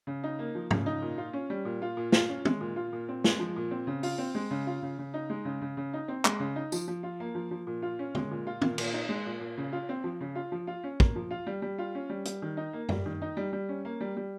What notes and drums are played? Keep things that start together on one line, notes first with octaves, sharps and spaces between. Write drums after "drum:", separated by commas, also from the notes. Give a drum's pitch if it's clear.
C#3
D#4
A#3
F3
C#3, drum: tom G#2
D#4
A#2
F4
C#4
G3
A#2
F4
A#2
F4, drum: snare
C#4
G#3, drum: tom
A#2
F4
A#2
C4
G#3, drum: snare
F3
A#2
C4
C#3
F4, drum: open hi-hat
C4
G#3
C#3
F4
C#3
C#3
D#4
G#3
C#3
C#3
C#3
D#4
C4
G#3, drum: clap
C#3
D#4
F3, drum: tambourine
F3
F4
A#3
F3
F3
A#2
F4
C#4
G#3, drum: tom
A#2
F4
A#2, drum: tom
A#2, drum: cymbal
D#4
G#3
A#2
A#2
C#3
F4
C4
F3
C#3
F4
F3
F4
C#4
A#3, drum: kick
F3
F4
G3
G3
F4
C#4
G3
G3, drum: hi-hat
D#3
D#4
A#3
G3, drum: tom F#2
D#3
D#4
G3
G3
C#4
A#3
G3
G3